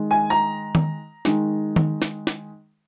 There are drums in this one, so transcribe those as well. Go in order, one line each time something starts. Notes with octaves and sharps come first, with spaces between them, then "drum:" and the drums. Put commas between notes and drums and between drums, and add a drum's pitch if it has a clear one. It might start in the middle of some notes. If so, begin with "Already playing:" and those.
Already playing: D#3 G#3
G#5
A#5
drum: tom D#3
D#3 G#3, drum: snare
drum: tom D#3
drum: snare
drum: snare